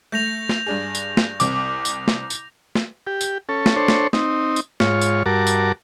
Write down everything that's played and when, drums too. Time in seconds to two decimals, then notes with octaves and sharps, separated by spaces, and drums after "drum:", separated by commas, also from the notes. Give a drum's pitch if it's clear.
0.12 A3 G6 A#6 F7
0.49 drum: snare
0.66 G2 D4 G#4
0.95 drum: tambourine
1.17 drum: snare
1.40 C2 C4 D6, drum: tambourine
1.85 drum: tambourine
2.08 drum: snare
2.30 drum: tambourine
2.75 drum: snare
3.07 G4
3.21 drum: tambourine
3.49 C#4 A4
3.66 drum: snare
3.76 D4 A4 C5 C#5
3.88 drum: snare
4.13 C4 D#4, drum: snare
4.56 drum: tambourine
4.80 G#2 F4 C#5, drum: snare
5.01 drum: tambourine
5.26 G2 F#4 A#4 A5 D6
5.47 drum: tambourine